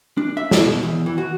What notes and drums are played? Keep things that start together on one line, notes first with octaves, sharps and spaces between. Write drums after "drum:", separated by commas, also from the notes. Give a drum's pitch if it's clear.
D4
E5
E4, drum: snare
B2
E2
E3
F#4